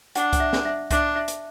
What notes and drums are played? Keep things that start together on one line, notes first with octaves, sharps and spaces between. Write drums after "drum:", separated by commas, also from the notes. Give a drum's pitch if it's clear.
D4 F#5, drum: hi-hat
F#5, drum: kick C2, hi-hat
E5
drum: snare
E5
D4 E5, drum: kick C2, hi-hat
E5
drum: hi-hat